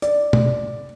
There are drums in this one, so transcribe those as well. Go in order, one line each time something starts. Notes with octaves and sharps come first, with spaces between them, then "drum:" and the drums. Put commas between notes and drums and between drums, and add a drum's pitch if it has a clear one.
D5, drum: hi-hat
drum: tom